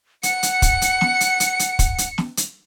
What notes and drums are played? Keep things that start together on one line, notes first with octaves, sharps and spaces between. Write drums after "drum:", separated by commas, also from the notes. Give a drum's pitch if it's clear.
F#5 C#7, drum: hi-hat
drum: hi-hat
drum: kick, hi-hat
drum: hi-hat
drum: snare
drum: hi-hat
drum: hi-hat
drum: hi-hat
drum: kick, hi-hat
drum: hi-hat
drum: snare
drum: hi-hat